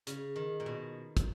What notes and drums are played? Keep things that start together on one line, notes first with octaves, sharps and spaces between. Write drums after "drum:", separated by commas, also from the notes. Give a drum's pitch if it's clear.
C#3, drum: hi-hat
D#3
A#2
B2
drum: kick, hi-hat